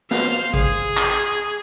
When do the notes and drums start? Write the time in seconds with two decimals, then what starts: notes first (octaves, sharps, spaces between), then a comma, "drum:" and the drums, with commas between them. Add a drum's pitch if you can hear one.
0.11 C5 F5, drum: snare
0.54 G#4, drum: kick
0.97 drum: clap